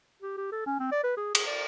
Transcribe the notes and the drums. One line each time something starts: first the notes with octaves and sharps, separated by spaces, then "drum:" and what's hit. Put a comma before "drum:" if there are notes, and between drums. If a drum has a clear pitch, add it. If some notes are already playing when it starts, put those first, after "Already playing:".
G4
G4
A4
C#4
C4
D5
B4
G#4
G#4, drum: cymbal
D5